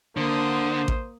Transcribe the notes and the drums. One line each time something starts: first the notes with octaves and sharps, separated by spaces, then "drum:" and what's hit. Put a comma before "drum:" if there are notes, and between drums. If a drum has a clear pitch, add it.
D3 A#3 C5 D#6
drum: kick A1